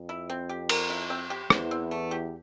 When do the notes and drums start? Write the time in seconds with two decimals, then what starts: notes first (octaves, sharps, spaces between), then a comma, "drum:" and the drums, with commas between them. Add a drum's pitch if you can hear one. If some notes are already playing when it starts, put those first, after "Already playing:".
Already playing: F2
0.09 E4
0.30 C4
0.49 G4
0.69 A#4, drum: cymbal
0.90 E4
1.10 C4
1.30 G4
1.50 E2 E3 C5, drum: rim click
1.71 C4
1.91 A3
2.11 G4